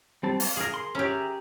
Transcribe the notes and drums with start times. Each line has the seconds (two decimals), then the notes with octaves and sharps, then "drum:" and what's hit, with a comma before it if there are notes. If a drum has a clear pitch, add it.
0.23 G3 C4 A5
0.40 F5, drum: open hi-hat
0.57 G#4 A#4
0.74 C6
0.95 C#4 G4 G#4 E5 A#5